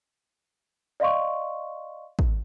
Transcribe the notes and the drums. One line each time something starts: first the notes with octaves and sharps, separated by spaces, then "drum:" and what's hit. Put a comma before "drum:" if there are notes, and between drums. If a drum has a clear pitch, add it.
D5 D#5 F5 C6 C#6
drum: kick